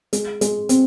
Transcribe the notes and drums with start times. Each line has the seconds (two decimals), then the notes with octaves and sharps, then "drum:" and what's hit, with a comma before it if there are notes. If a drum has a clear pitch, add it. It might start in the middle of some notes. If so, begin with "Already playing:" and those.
0.13 G#3, drum: hi-hat
0.41 G#3, drum: hi-hat
0.69 C4, drum: hi-hat